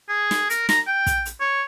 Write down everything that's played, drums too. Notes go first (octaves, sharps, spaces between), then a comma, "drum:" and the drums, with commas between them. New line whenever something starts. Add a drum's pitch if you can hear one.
G#4
drum: snare
A#4, drum: hi-hat
A#5, drum: snare
G5
drum: kick, hi-hat
drum: hi-hat
C#5